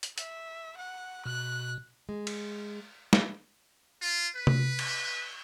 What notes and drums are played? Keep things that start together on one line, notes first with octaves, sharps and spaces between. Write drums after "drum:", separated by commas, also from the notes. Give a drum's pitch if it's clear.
drum: hi-hat
E5, drum: hi-hat
F#5
B2 F#6
G#3
drum: cymbal
drum: snare
F4
B4
drum: tom C3
drum: cymbal